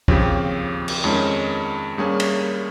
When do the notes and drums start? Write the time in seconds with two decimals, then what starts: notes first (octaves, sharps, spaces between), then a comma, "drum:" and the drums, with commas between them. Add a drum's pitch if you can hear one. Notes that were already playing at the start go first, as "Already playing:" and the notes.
0.08 D#2 C#3 F3 C4 G4, drum: kick
0.88 drum: cymbal
1.04 F2 D#3 G#3 C#4
1.98 G2 G3 A#3 C#4 G#4
2.20 drum: cymbal